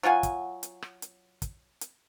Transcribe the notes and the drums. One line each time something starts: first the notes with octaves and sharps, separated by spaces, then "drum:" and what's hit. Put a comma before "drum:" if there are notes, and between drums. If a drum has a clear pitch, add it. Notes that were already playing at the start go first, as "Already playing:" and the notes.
F#3 F4 F#5 G#5
drum: kick, hi-hat
drum: hi-hat
drum: rim click
drum: hi-hat
drum: kick, hi-hat
drum: hi-hat